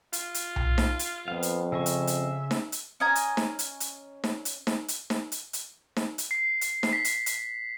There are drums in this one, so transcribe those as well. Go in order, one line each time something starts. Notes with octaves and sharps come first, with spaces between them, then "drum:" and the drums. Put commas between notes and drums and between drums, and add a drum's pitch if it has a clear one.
F4, drum: hi-hat
drum: hi-hat
drum: tom B1
drum: snare D#4
drum: hi-hat
F2 B3 F5
drum: hi-hat
C#3 D#5 E5 C#6
drum: hi-hat
drum: hi-hat
drum: snare D#4
drum: hi-hat
C#4 D#5 G#5 A#5
drum: hi-hat
drum: snare D#4
drum: hi-hat
drum: hi-hat
drum: snare D#4
drum: hi-hat
drum: snare D#4
drum: hi-hat
drum: snare D#4
drum: hi-hat
drum: hi-hat
drum: snare D#4
drum: hi-hat
C7
drum: hi-hat
drum: snare D#4
B6
drum: hi-hat
drum: hi-hat